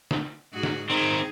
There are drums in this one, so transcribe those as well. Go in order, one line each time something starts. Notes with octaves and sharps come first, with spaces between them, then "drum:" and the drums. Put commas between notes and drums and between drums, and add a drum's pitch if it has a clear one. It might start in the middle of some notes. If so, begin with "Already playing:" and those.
drum: snare
G#2 F#4 G#4
drum: snare
D#3 C4 D#4 G#4